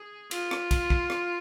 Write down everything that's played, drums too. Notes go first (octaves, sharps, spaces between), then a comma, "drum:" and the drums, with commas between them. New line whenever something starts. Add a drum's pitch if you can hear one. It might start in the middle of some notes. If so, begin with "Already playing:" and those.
Already playing: G#4
F4, drum: cymbal
drum: rim click
drum: kick, cymbal
drum: kick
drum: rim click